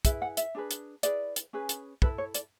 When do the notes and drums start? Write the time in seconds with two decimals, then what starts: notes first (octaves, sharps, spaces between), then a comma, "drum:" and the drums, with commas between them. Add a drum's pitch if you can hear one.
0.05 E4 G#4 B4 E5, drum: kick, hi-hat
0.22 F#5
0.37 E5, drum: hi-hat
0.55 D4 G#4 B4
0.71 drum: hi-hat
1.03 E4 G#4 B4 D5, drum: hi-hat
1.36 drum: hi-hat
1.53 C#4 G#4 B4
1.69 drum: hi-hat
2.02 E4 A4 B4, drum: kick
2.18 C#5
2.34 D5, drum: hi-hat